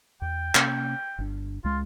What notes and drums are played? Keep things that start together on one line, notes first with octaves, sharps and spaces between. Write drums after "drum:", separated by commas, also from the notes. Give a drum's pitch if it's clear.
E2 G5
C3 A#3 C#4, drum: clap
G1 D4
C#2 G#3 F4